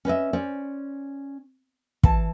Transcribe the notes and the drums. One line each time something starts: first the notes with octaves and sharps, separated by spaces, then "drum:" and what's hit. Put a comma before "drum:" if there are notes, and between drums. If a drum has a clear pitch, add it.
C#4 B4 D#5 E5
C#4 C5 D5
E3 A5, drum: kick